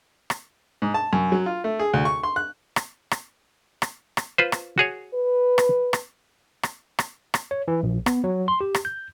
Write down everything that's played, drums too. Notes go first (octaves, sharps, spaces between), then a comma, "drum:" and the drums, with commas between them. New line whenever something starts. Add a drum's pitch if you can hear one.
drum: rim click
G#2
A5
F#2
F#3
F4
A3
G#4
D2
C#6
C6
F#6
drum: rim click
drum: rim click
drum: rim click
drum: rim click
F4 B4 C5
drum: rim click
F#4 G#4 C#5
B4
drum: rim click
drum: rim click
drum: rim click
drum: rim click
drum: rim click
C#5
E3
A#1
B3, drum: rim click
F#3
C6
G4
drum: rim click
G6